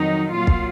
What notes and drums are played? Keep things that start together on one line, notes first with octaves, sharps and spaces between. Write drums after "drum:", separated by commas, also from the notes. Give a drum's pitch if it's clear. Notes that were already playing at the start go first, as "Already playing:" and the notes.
Already playing: F2 D#3 F#3 D#4
A#2 F#3 F4
drum: kick